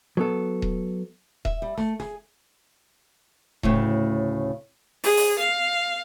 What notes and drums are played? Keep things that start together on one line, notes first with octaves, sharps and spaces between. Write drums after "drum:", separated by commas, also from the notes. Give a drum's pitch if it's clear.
F#3 B3 A4
drum: kick D#1
E5, drum: kick D#1
G3
A3, drum: snare
G#4, drum: snare
D2 A2 C#3, drum: kick D#1
G#4, drum: open hi-hat
drum: open hi-hat
F5